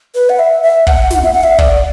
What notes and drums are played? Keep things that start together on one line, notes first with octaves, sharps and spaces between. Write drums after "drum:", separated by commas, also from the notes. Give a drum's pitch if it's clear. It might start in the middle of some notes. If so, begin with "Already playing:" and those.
B4
F#5
E5
E5
F#5, drum: kick
drum: snare
E5
F#5
E5
D5, drum: kick